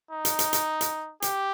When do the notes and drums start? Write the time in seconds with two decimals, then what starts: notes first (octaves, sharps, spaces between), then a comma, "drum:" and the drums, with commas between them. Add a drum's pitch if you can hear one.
0.11 D#4
0.25 drum: hi-hat
0.39 drum: hi-hat
0.53 drum: hi-hat
0.81 drum: hi-hat
1.22 G4, drum: hi-hat